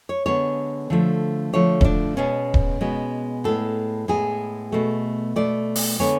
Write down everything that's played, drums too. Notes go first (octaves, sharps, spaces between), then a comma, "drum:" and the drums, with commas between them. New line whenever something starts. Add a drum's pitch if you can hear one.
C#5
D3 G#3 B3 C#5
D3 F3 A3
D3 F3 A3 C#5
C#4, drum: kick D#1
D4
B2 G#3 B3 C#4
drum: kick D#1
B2 G#3 B3
A2 G#3 B3 A4
A2 G#3 B3 G#4
B2 A3
B2 A3 D5
drum: open hi-hat
D3 G#3 B3 C#5